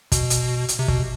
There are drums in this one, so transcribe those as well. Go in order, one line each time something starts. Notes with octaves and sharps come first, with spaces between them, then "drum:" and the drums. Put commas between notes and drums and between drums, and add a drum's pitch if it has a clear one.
B2, drum: kick, hi-hat
drum: hi-hat
drum: hi-hat
C3
B2, drum: kick